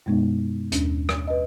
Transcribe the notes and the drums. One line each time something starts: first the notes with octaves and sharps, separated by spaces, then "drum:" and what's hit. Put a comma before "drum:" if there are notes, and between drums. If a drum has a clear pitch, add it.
F#2 B2 G#3 B3 D#4
D#2 C#4 D4, drum: hi-hat
drum: rim click
B4 D#5